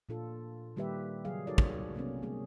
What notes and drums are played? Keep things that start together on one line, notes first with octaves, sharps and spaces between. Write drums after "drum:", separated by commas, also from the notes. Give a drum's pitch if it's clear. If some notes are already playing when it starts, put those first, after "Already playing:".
A#2 D4 F4 A4
D#3 G3 A#3 G4 B4 E5
C#3 F#3 G#4 F5
D#4 F#4 A4 A#4 C#5 D5
drum: kick
C3 A#3 B3 C#4
G3 A3 A#3 G#4